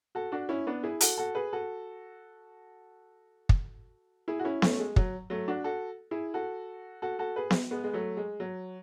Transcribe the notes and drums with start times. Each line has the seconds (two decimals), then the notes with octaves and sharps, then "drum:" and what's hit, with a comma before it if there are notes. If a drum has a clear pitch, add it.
0.15 F#4 A4
0.32 D4 F#4
0.49 C#4 E4
0.67 B3 D4
0.83 E4 G#4
1.01 F#4 A4, drum: hi-hat
1.18 F#4 A4
1.35 G#4 B4
1.53 F#4 A4
3.49 drum: kick
4.28 E4 G#4
4.39 F#4
4.44 C#4 E4
4.62 A3 C#4, drum: snare B3
4.79 G#3
4.96 F#3, drum: kick
5.30 F#3 A3
5.48 D4 F#4
5.64 F#4 A4
6.11 E4 G#4
6.34 F#4 A4
7.02 F#4 A4
7.19 F#4 A4
7.36 G#4 B4
7.51 drum: snare B3
7.71 G#3 B3
7.84 G#3
7.93 F#3 A3
8.17 G#3
8.40 F#3